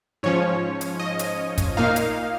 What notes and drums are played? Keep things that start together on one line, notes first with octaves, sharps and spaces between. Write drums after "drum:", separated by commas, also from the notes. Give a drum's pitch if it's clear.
G#2 F3 C#4 C#5
drum: hi-hat
D#5
drum: hi-hat
drum: kick, hi-hat
A#2 A#3 D#4 F5
drum: hi-hat